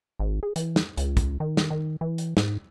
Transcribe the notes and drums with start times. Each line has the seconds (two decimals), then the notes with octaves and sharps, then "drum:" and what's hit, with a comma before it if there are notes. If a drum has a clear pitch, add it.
0.20 G#1
0.43 G#4
0.56 E3, drum: hi-hat
0.76 drum: snare
0.97 C#2, drum: hi-hat
1.17 drum: kick, hi-hat
1.40 D#3
1.57 drum: snare
1.70 D#3
2.01 E3
2.18 drum: hi-hat
2.37 G#2, drum: snare